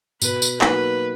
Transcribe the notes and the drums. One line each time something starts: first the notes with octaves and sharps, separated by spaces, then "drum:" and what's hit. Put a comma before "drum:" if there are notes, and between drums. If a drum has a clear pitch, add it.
B2 B4, drum: tambourine
drum: tambourine
F#3 A#3 D#4 F#4 B4, drum: clap